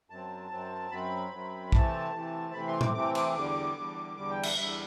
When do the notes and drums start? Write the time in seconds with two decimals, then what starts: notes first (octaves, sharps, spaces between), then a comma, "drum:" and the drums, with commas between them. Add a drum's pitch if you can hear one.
0.10 F#2 F#3 C4 A5
0.51 F#2 F#3 C4
0.91 F#2 F#3 C4 B5
1.32 F#2 F#3 C4
1.72 C3 E3 A3 C4 A5, drum: kick
2.13 C3 E3 A3 C4
2.53 C3 E3 A3 C4 B5
2.67 C6
2.81 D6, drum: tom A2
2.95 C3 E3 A3 C4 D6
3.15 D6, drum: cymbal
3.35 E2 D3 G3 D6
3.76 E2 D3 G3
4.17 E2 D3 G3 D6
4.30 G5
4.43 E5, drum: cymbal
4.57 E2 D3 G3 E5